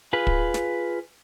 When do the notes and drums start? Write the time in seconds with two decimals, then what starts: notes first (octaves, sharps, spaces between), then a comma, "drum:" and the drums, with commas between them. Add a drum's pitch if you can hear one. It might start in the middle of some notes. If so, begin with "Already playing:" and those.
0.13 F4 G#4 B4 B5
0.27 drum: kick
0.54 drum: snare